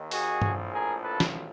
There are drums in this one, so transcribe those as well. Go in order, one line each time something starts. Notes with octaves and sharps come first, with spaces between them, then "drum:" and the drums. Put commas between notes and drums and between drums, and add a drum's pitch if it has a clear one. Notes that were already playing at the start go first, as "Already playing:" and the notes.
Already playing: D#2 D#3
F#4 G#4, drum: open hi-hat
A#1 A2 F3, drum: tom G2
G#4 A#4
A4 B4
drum: snare